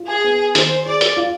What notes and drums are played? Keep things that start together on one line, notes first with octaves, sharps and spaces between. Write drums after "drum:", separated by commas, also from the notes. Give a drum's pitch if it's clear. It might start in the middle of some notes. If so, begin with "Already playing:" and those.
Already playing: F4
G#4
B3
D#3 C5, drum: hi-hat
G#4 D5
drum: hi-hat
F4